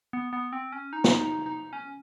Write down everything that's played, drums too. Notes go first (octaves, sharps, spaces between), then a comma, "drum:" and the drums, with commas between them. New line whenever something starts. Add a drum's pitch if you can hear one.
B3
B3
C4
C#4
D#4
drum: snare
D#4
D#4
C#4